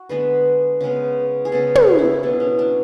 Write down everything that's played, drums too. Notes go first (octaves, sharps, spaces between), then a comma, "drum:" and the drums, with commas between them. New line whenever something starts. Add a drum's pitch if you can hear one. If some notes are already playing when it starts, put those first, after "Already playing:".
Already playing: F#4
D3 G#3 B3 B4
C#3 G#3 B3
G#4
C#3 G#3 B3 A4
G#4, drum: tom
E4
B2 F#3 B3 D4
C#4
D4